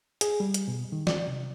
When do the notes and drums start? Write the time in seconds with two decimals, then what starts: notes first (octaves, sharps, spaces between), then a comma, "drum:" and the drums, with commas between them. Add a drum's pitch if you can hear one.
0.21 G#4, drum: hi-hat
0.40 G3
0.54 drum: hi-hat
0.68 B2
0.92 D#3
1.07 D5, drum: snare
1.27 C3